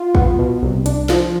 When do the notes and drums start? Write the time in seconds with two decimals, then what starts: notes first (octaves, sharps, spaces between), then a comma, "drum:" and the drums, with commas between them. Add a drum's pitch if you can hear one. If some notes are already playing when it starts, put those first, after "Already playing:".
Already playing: F4
0.15 B3, drum: kick
0.39 B2
0.62 C2
0.86 D4, drum: hi-hat
1.09 F3, drum: snare